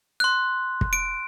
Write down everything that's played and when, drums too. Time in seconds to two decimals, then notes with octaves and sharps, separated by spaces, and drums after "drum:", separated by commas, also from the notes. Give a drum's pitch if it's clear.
0.20 C6 F#6
0.81 drum: kick
0.93 D7